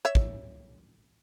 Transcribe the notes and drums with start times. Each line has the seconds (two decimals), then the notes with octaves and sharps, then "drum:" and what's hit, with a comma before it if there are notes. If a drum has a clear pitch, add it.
0.05 C#5 E5
0.15 drum: kick